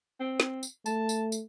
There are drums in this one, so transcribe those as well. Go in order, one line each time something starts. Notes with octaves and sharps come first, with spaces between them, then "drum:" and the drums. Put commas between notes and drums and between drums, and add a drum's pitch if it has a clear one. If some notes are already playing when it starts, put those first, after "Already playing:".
C4
drum: snare
drum: tambourine
A3 A5, drum: tambourine
drum: tambourine
drum: tambourine